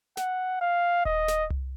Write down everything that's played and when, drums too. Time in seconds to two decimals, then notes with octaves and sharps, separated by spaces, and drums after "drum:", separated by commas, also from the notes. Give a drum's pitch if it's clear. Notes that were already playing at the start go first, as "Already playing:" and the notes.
0.17 F#5, drum: snare
0.61 F5
1.05 D#5, drum: kick D#1
1.28 drum: snare
1.50 drum: tom C2